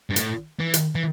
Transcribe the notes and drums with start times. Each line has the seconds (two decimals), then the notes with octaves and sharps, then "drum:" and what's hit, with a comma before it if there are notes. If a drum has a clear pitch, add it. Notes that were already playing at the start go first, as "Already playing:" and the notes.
0.10 G2
0.16 A2, drum: hi-hat
0.60 E3
0.74 drum: hi-hat
0.95 E3